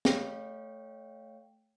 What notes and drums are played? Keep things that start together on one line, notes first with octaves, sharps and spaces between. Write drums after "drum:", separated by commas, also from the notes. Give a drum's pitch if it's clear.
A3 C#5 F5 G5, drum: snare